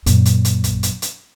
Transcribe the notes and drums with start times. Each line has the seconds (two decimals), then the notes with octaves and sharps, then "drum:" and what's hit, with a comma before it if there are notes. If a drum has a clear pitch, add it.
0.06 F#2 A#2, drum: hi-hat
0.25 drum: hi-hat
0.45 drum: hi-hat
0.64 drum: kick, hi-hat
0.83 drum: hi-hat
1.02 drum: hi-hat